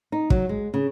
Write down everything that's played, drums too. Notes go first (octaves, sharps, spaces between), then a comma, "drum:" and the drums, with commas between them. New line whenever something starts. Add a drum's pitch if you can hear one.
D#4
F#3, drum: kick
G#3
C#3